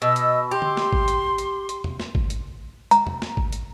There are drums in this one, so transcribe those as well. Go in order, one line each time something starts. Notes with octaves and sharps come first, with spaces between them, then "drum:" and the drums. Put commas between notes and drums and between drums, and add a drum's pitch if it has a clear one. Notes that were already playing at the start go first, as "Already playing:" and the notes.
B2 D#5 E6
drum: hi-hat
G4 C6
drum: tom D3
drum: snare
drum: kick G#1
drum: hi-hat
drum: hi-hat
drum: hi-hat
drum: tom
drum: snare
drum: kick G#1
drum: hi-hat
A#5, drum: hi-hat
drum: tom
drum: snare
drum: kick G#1
drum: hi-hat